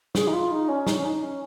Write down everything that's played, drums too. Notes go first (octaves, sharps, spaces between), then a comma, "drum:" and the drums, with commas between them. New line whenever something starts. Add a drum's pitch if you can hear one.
G#4, drum: snare
D#4
F4
D#4
C#4
D#4, drum: snare
C#4
D#4
C#4